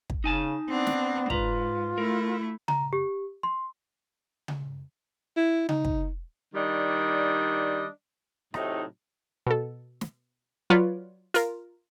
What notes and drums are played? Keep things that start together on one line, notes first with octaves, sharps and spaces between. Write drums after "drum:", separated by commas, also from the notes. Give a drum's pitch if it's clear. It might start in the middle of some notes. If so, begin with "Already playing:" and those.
drum: kick
C#3 D#4 G#5 A5
B3 C4 D4
drum: snare
G#2 F4 B4 A#5, drum: kick
A3 E4 A#4
A#5, drum: tom C#3
G4
C6
drum: tom C#3
E4
D#4, drum: tom C#3
drum: kick
D#3 G3 D4 D5 D#5
A2 C3 F#3 D#4, drum: rim click
B2 A4
drum: snare
F#3 F4 B4 C#5 D5
F4 A#4, drum: hi-hat